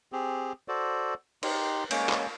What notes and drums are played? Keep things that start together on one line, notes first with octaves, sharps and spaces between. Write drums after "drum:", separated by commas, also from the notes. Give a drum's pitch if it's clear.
C4 G4 G#4
F#4 A4 C5 D5
D#4 G4 C6, drum: cymbal
G#3 A#3 C#4 C#5, drum: cymbal
drum: clap